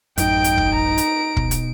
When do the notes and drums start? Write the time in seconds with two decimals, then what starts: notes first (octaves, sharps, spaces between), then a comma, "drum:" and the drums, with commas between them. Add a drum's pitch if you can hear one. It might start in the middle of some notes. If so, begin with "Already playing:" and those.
0.18 A1 F#2 D#4 G5 D7, drum: hi-hat
0.44 drum: hi-hat
0.58 drum: kick
0.74 A#5
0.98 drum: hi-hat
1.37 B2, drum: kick
1.51 drum: hi-hat